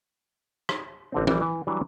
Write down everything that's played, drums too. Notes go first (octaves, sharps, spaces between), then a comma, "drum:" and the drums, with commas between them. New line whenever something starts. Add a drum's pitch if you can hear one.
drum: rim click
A1 D3 C4
A#1 E3 G3, drum: tom
E3
E3 F#3 G3 D4